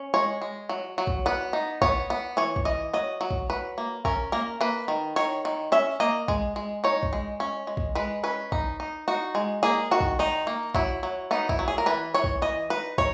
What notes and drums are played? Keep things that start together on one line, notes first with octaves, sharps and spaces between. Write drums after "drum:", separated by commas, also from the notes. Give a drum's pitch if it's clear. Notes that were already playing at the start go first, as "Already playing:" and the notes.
Already playing: C#4
G#3 C#5
G#3
F#3
F#3
drum: kick
B3 B4
D#4
B3 C#5, drum: kick
B3
E3 C#5
drum: kick
E3 D#5
F#3 D#5
F#3
drum: kick
F#3 B4
A#3
C#4 A#4, drum: kick
A#3 A#4
A#3 B4
D#3
D#3 C#5
D#3
C#4 E5
A#3 D#5
G#3, drum: kick
G#3
D#4 C#5
drum: kick
G#3
C#4
G#3
drum: kick
G#3 B4
C#4 B4
D#4, drum: kick
D#4
D#4 F#4
G#3
A#3 G#4
D#3 F#4
drum: kick
D#3 D#4
A#3
F#3 E4, drum: kick
F#3
B3 D#4
E4, drum: kick
F#3
G#4
A#4
E3 B4
E3 C#5
drum: kick
E3 D#5
D#4 B4
D#4 C#5, drum: kick